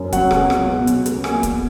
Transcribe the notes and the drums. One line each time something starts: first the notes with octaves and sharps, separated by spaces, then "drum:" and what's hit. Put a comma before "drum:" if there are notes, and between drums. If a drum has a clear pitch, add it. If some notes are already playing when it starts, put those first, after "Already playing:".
Already playing: F#2
F#3 F#5, drum: kick, hi-hat
C#2, drum: rim click
B3, drum: rim click
B2
F#3, drum: hi-hat
C#2, drum: hi-hat
A#3 G#5, drum: rim click
E2, drum: kick, hi-hat